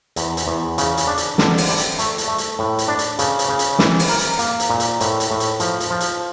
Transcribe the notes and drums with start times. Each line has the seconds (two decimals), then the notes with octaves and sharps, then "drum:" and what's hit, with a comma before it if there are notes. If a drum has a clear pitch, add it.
0.16 E2, drum: hi-hat
0.37 drum: hi-hat
0.47 E2
0.78 C#3, drum: hi-hat
0.97 drum: hi-hat
1.07 D4
1.18 drum: hi-hat
1.38 D3, drum: snare
1.58 drum: open hi-hat
1.68 G3
1.78 drum: hi-hat
1.99 A3, drum: hi-hat
2.18 drum: hi-hat
2.28 A3
2.38 drum: hi-hat
2.59 A2
2.79 drum: hi-hat
2.88 D4
2.99 drum: hi-hat
3.19 C#3, drum: hi-hat
3.39 drum: hi-hat
3.49 C#3
3.59 drum: hi-hat
3.79 E3, drum: snare
3.99 drum: open hi-hat
4.09 A#4
4.19 drum: hi-hat
4.39 A#3, drum: hi-hat
4.60 drum: hi-hat
4.70 A#2
4.80 drum: hi-hat
5.00 A2, drum: hi-hat
5.20 drum: hi-hat
5.31 A2
5.40 drum: hi-hat
5.60 F3, drum: hi-hat
5.80 drum: hi-hat
5.90 F3
6.00 drum: hi-hat